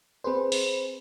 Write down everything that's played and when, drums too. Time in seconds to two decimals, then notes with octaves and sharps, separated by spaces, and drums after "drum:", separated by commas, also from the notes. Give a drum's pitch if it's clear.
0.24 C4 G#4 B4 C5
0.52 drum: open hi-hat